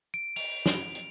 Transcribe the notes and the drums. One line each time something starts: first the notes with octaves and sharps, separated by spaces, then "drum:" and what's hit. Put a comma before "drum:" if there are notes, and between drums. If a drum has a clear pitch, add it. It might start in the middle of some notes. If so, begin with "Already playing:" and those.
D7
F7, drum: open hi-hat
drum: snare
drum: hi-hat